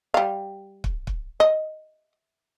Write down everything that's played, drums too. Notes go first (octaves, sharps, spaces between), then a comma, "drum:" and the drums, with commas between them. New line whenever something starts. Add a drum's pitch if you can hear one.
G3 F5
drum: kick
drum: kick
D#5